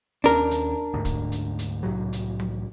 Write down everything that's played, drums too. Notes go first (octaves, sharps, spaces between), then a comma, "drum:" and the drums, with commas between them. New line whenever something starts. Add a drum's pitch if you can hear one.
D#2 C#4 D4 A#4, drum: hi-hat
drum: hi-hat
D2 G#2
drum: kick, hi-hat
drum: hi-hat
drum: hi-hat
C2 A2 F#3
drum: hi-hat
drum: tom